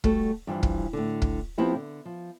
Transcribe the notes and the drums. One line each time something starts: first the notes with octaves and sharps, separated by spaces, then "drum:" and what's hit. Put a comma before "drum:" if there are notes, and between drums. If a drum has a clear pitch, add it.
G3 A3 F#4 A4, drum: kick
G2 E3 F3
drum: kick
A2 D3
drum: kick
F3 B3 C4 E4 G4
D3
F3